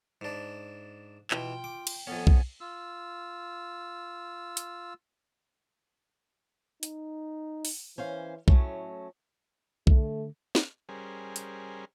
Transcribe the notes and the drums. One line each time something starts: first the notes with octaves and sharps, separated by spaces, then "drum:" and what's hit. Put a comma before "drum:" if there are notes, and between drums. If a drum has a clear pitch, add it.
G#2 D4
B2 E3 F4 G5, drum: clap
D6
drum: cymbal
F2 B3 C#4 A4 G#5
drum: kick B1
F4 E6
drum: hi-hat
D#4, drum: hi-hat
drum: open hi-hat
E3 C#4 C5 F5
A2 F#3 A3 C#4, drum: kick B1
D3 A3, drum: kick B1
drum: snare
G3 C#4 G#4 A#4 C5
drum: hi-hat